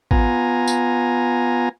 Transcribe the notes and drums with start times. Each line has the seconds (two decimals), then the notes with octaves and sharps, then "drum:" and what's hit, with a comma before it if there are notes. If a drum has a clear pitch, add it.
0.11 B3 F4 G#5 A#5, drum: kick
0.67 drum: tambourine